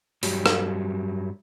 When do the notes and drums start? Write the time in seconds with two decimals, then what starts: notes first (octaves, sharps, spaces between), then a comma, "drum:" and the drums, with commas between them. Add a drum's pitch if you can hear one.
0.23 G2 F#3 G3, drum: open hi-hat
0.46 drum: rim click